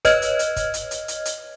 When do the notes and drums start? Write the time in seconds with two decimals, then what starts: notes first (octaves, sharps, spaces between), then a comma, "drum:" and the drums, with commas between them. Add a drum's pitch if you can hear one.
0.05 B4 C#5 D#5 F6 G#6, drum: kick, hi-hat
0.22 drum: hi-hat
0.39 drum: hi-hat
0.56 drum: kick, hi-hat
0.74 drum: hi-hat
0.91 drum: hi-hat
1.08 drum: hi-hat
1.25 drum: hi-hat